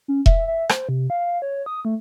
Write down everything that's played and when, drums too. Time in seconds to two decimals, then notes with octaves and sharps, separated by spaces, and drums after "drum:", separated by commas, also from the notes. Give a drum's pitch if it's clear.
0.08 C#4
0.26 E5, drum: kick E1
0.47 E5
0.69 C5, drum: rim click
0.89 C3
1.10 F5
1.42 C#5
1.66 D#6
1.85 A3